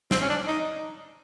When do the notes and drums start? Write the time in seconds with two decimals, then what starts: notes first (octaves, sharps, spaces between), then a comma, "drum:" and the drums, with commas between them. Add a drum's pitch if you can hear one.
0.11 C4, drum: snare
0.21 C#4
0.30 D4
0.47 D#4